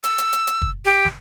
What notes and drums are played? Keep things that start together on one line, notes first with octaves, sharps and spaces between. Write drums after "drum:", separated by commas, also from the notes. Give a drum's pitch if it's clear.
E6, drum: hi-hat
drum: hi-hat
drum: hi-hat
drum: hi-hat
drum: kick
G4
drum: snare